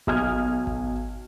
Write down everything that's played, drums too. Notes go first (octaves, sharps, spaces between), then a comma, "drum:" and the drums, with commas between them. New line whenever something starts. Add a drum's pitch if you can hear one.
B1 D#6 F6 G#6, drum: kick G#1
drum: kick G#1